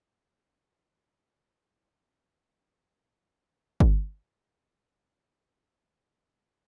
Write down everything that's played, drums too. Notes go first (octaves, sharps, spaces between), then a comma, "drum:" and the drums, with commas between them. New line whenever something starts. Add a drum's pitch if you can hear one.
F3
F3
F3
A#4
A#4
E4
F4
A3
D#3
A3 A#3 C4
F#3 G3 A4
D2 B2 F#3 C6
F#2 C3 D5 A#5 C6
A1 D2 A#2
drum: kick G1
F#2 D4 D#4 F4
G#3 A#3 D#5